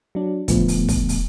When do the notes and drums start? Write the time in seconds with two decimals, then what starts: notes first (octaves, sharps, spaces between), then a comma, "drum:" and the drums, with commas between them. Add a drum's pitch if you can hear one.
0.15 F#3 D4
0.48 A#2 D3 F3 A3 B3, drum: kick, hi-hat
0.68 drum: open hi-hat
0.89 drum: kick, open hi-hat
1.09 drum: open hi-hat